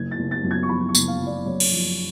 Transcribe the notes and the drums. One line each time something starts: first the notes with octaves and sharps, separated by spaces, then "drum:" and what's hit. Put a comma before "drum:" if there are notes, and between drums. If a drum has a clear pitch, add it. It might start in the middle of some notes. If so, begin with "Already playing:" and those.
Already playing: F#1 G#6
A6
F#1
A6
F#2
G#6
C#6
F3 B5
C#6
F#1, drum: tambourine
F5
F#1
D5
F#2 C#5
drum: cymbal
F3